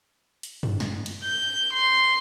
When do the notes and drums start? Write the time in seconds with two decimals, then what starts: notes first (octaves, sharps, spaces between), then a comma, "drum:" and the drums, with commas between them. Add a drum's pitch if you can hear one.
0.43 drum: hi-hat
0.63 drum: tom
0.80 drum: snare
1.06 drum: cymbal
1.23 G6
1.73 C6